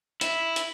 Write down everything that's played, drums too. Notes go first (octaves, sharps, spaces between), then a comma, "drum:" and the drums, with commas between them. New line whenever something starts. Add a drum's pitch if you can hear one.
E4, drum: hi-hat
drum: hi-hat